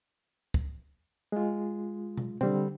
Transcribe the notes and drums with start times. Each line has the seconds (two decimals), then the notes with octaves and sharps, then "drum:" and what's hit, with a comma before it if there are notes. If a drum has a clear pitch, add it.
0.54 drum: kick
1.32 G#3 F4
2.18 drum: tom B2
2.41 D3 G3 C4, drum: tom B2